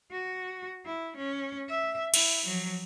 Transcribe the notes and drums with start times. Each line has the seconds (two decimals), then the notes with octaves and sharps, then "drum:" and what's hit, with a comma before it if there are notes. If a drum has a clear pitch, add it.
0.11 F#4
0.86 E4
1.17 C#4
1.69 E5
2.14 E4, drum: cymbal
2.45 F3 F#3